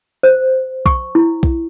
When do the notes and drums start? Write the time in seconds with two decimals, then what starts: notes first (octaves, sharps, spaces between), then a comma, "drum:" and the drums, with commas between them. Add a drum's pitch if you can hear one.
0.23 C5
0.86 C#6, drum: kick
1.15 E4
1.43 drum: kick